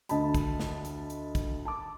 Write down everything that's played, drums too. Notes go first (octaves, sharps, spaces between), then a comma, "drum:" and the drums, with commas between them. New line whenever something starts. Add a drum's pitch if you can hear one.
D2 D#5 A5 B5, drum: hi-hat
drum: kick, hi-hat
drum: snare
drum: hi-hat
drum: hi-hat
drum: kick, hi-hat
A5 D6